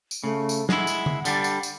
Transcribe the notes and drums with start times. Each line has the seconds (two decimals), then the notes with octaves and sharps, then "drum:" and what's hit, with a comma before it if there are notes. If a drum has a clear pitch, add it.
0.11 drum: tambourine
0.24 C#3 A3
0.49 drum: tambourine
0.69 G#3 E4 F#5, drum: snare
0.87 drum: tambourine
1.06 drum: tom D3
1.25 D3 G3 D4, drum: tambourine
1.44 drum: tambourine
1.63 drum: tambourine